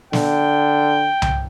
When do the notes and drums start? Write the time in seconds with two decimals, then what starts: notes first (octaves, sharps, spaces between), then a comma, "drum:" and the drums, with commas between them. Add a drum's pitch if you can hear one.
0.13 D3 G5, drum: snare
1.22 drum: tom C2